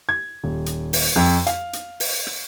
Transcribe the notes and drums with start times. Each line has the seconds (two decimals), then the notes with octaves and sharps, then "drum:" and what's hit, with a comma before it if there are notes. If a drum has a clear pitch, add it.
0.09 G#6
0.44 D#1
0.66 drum: hi-hat
0.93 drum: open hi-hat
1.16 F2
1.46 F5, drum: hi-hat
1.73 drum: hi-hat
2.00 drum: open hi-hat
2.27 drum: rim click